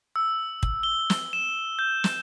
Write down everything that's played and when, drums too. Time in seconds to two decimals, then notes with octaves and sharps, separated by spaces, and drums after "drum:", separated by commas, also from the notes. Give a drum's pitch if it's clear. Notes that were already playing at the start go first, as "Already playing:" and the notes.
0.16 E6
0.63 drum: kick
0.83 G7
1.10 drum: snare
1.33 E7
1.79 G6
2.04 drum: snare